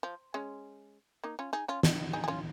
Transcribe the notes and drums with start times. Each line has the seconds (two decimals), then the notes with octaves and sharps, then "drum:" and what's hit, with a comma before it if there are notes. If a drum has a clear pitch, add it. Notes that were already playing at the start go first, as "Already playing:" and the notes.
0.03 F3
0.34 G#3 C#4
1.24 A#3 D#4
1.39 C#4 F4
1.53 D#4 G#4
1.68 C#4 F4
1.83 drum: snare
2.13 D#4 G#4
2.24 G#4
2.28 C#4 F4